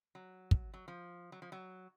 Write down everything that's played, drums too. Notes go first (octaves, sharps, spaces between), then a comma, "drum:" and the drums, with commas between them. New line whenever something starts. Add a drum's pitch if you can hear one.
F#3
drum: kick
F#3
F3
F#3
F3
F#3